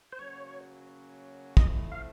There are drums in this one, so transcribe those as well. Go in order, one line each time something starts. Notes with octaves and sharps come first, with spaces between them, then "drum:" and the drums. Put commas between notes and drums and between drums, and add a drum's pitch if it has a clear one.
C5
C#3 F#3 A#3 C#4 F#4 C#5
F3 A3 C4 E4 D#5, drum: kick
F5